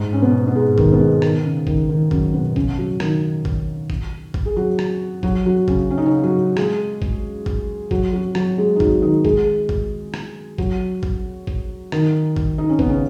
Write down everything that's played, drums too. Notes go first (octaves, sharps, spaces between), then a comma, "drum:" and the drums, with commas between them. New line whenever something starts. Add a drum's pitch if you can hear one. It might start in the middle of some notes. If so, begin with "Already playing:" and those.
Already playing: G#2
C#4
B2 B3
B3
G#2 G#3
D#3, drum: kick
B3
G#2 G#3
D#3, drum: rim click
C#3
D#3, drum: kick
D#3
F#2 F#3, drum: kick
B2 B3
C#3 C#4, drum: kick
F#3 F#4
D#3 D#4, drum: rim click
drum: kick
drum: kick
drum: kick
G#4
F#3 F#4
drum: rim click
F#3 F#4, drum: kick
F#3 F#4
C#3 C#4, drum: kick
C#4
D#4
C#3 C#4
F#3 F#4
G#3 G#4, drum: rim click
drum: kick
drum: kick
F#3 F#4, drum: kick
F#3 F#4
F#3 F#4, drum: rim click
G#3 G#4
D#4
F#3 F#4, drum: kick
D#3 D#4
G#3 G#4, drum: kick
drum: kick
drum: rim click
F#3 F#4, drum: kick
drum: kick
drum: kick
D#3 D#4, drum: rim click
drum: kick
D#4
C#4
B3, drum: kick
C#3 C#4